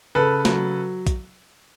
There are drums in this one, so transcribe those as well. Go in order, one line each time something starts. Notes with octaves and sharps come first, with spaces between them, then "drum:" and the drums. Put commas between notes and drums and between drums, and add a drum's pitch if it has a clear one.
C#3 A4 B4
F#3, drum: snare
drum: kick A#1, hi-hat